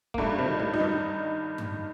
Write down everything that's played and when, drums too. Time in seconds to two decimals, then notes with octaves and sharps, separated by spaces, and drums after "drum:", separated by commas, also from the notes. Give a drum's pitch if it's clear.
0.14 A#3, drum: kick
0.18 G2 A3
0.39 C3
0.46 D#3
0.60 A2
0.73 D#4
0.80 G2
1.58 drum: tom G2